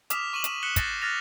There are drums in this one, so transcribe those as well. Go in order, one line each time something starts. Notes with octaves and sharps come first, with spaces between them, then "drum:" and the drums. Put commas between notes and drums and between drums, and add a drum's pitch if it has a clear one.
D6 D#6 F6 B6 E7 F7, drum: hi-hat
C#6 D#7 E7 F#7
drum: hi-hat
F#6 B6 C#7 E7 F#7 G7
G6 A6 A#6 C7 E7, drum: kick, hi-hat
F6 F#6 A6 A#6 F7